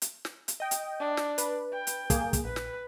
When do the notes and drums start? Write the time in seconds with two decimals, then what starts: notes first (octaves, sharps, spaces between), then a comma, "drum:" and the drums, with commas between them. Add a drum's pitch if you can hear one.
0.02 drum: hi-hat
0.25 drum: snare
0.48 drum: hi-hat
0.60 D#5 G5
0.71 drum: hi-hat
1.00 D4
1.17 drum: snare
1.38 B4, drum: hi-hat
1.73 G5
1.87 drum: hi-hat
2.10 A#3 G#4, drum: kick, hi-hat
2.33 drum: kick, hi-hat
2.44 A#1 B4
2.56 drum: snare